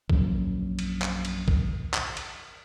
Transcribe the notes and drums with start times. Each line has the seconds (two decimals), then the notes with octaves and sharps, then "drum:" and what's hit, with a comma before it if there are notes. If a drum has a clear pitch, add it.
0.10 A#1 F#2, drum: kick
0.79 drum: cymbal
1.02 drum: clap
1.25 drum: cymbal
1.48 drum: kick
1.94 drum: clap
2.17 drum: cymbal